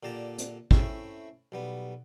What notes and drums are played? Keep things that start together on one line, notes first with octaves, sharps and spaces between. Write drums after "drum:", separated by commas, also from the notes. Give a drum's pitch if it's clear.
A#2 D3 G4 A5 A#5
drum: hi-hat
A3 C4 C#4 E4 E5 G5, drum: kick
B1 G3 B3